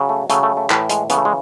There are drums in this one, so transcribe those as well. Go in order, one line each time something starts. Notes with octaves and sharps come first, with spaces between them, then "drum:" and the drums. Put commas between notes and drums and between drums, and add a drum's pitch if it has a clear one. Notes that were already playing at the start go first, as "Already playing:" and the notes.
Already playing: C#3 F#3
A3
C#3 F#3 A3, drum: hi-hat
A3
A3
A2 E3, drum: clap
G#3, drum: hi-hat
C#3 E3 B3, drum: hi-hat
A3
G#3